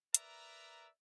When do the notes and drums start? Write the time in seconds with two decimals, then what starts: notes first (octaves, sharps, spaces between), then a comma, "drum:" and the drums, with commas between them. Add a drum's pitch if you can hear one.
0.14 A#4 B4 D5 E5 A#5, drum: hi-hat